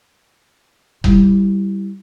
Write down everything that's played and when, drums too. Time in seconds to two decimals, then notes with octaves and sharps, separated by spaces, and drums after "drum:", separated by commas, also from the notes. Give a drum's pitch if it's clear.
1.04 G3 E4, drum: kick F#1